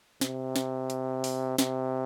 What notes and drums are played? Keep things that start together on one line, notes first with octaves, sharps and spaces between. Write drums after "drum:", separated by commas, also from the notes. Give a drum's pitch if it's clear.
C3, drum: snare
drum: snare
drum: hi-hat
drum: open hi-hat
C3, drum: snare